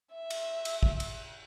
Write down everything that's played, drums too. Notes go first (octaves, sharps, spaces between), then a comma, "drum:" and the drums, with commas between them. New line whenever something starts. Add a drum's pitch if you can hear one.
E5
drum: cymbal
drum: cymbal
drum: kick
drum: cymbal